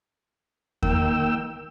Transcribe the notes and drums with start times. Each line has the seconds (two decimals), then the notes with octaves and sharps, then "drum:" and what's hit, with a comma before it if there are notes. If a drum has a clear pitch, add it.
0.83 D#3 A#3 G5 E6, drum: kick E2